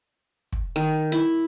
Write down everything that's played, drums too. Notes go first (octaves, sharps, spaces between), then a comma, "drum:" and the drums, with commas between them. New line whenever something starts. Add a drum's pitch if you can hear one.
drum: kick
D#3
E4